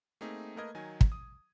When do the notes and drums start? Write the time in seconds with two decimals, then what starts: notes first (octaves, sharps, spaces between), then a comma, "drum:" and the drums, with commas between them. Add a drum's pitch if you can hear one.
0.21 A3 A#3 C4 D#4 G#4
0.56 A3 A#3 A#4 B4 D#5 G#6
0.75 D#3 F#3 D#4 G#5
1.01 drum: kick
1.12 D#6